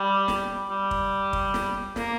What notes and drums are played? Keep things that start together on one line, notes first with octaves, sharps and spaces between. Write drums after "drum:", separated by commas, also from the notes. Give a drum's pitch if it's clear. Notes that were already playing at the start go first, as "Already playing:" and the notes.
Already playing: G3
drum: snare
G3
drum: kick
drum: kick
drum: snare
A#3, drum: snare